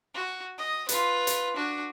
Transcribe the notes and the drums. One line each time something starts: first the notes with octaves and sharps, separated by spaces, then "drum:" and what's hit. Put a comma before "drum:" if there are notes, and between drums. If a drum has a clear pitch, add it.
F#4
D#5
F4 B4, drum: hi-hat
drum: hi-hat
D4 F#4